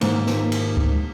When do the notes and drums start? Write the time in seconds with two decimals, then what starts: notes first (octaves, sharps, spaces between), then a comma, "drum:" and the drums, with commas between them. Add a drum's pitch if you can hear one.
0.01 G#2 D#3 A#3, drum: cymbal
0.26 drum: snare
0.52 drum: cymbal
0.77 drum: kick C#2